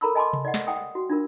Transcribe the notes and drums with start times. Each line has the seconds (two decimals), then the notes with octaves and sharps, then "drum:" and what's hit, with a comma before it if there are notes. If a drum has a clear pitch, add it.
0.01 A4 A#4 A#5 B5 C#6 E6
0.15 D#5 G#5 A5 B5 C6 D6
0.33 drum: tom C3
0.45 D5 D#5 F#5
0.54 drum: snare
0.67 F#5 G5 D#6
0.95 F#4
1.10 D4 F4 A#4